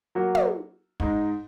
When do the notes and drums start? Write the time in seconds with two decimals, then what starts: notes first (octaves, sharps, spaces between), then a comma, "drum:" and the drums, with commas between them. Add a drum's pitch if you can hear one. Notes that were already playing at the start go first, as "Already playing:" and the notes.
0.15 F#3 A#3 F#4
0.35 drum: tom
1.00 G#2 G#3 D#4, drum: kick